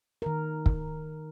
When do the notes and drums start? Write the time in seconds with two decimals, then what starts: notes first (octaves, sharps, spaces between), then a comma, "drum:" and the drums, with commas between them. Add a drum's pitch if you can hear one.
0.22 D#3 A#4
0.66 drum: kick